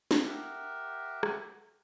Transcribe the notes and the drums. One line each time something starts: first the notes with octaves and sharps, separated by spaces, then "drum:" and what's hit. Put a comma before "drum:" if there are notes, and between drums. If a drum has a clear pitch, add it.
drum: snare
G4 A#4 E5 F#5
drum: rim click